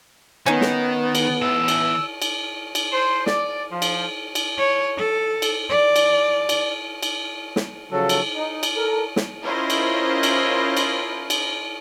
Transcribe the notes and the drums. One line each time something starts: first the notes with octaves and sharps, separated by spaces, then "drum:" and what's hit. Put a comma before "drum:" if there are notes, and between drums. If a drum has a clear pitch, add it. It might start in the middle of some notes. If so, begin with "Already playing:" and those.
D#3 B3 C#4 D#4
drum: snare
drum: cymbal
E3 A5 E6
drum: cymbal
drum: cymbal
drum: cymbal
C5
D5, drum: snare
F3
drum: cymbal
drum: cymbal
C#5
A4
drum: cymbal
D5
drum: cymbal
drum: cymbal
drum: cymbal
drum: snare
C#3 F3 F#3 C#4 A4
drum: cymbal
D#4
drum: cymbal
A4 A#4
drum: snare
C#4 E4 F4 A#4 C5 D#5
drum: cymbal
drum: cymbal
drum: cymbal
drum: cymbal